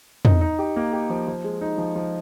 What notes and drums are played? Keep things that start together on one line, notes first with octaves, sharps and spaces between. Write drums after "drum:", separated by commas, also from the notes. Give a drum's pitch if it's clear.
D#4, drum: tom
D#4
G4
A#3
G4
F3
F3
G#3
D#4
F3
F3